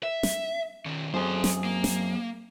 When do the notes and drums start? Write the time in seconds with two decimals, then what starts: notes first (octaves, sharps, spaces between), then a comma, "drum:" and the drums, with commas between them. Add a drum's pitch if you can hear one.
0.03 E5
0.23 drum: snare
0.86 D#3 C#4
1.14 F#2 C4 G#4 A4 C5
1.44 drum: snare
1.64 A#3
1.84 drum: snare